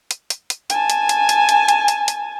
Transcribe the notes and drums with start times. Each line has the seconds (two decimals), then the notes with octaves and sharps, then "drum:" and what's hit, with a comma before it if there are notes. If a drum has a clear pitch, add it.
0.11 drum: hi-hat
0.30 drum: hi-hat
0.50 drum: hi-hat
0.70 G#5 A5, drum: hi-hat
0.90 drum: hi-hat
1.09 drum: hi-hat
1.29 drum: hi-hat
1.49 drum: hi-hat
1.68 drum: hi-hat
1.88 drum: hi-hat
2.08 drum: hi-hat